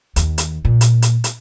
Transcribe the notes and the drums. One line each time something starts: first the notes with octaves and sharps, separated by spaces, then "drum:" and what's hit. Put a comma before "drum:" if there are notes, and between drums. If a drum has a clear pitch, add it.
D#2, drum: hi-hat
drum: hi-hat
A#2
drum: hi-hat
drum: hi-hat
drum: hi-hat